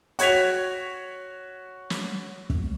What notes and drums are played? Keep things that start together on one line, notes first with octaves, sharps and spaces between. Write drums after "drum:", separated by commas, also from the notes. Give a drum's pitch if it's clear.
F#4 C#5 G#6 B6 F7, drum: hi-hat
drum: snare
drum: kick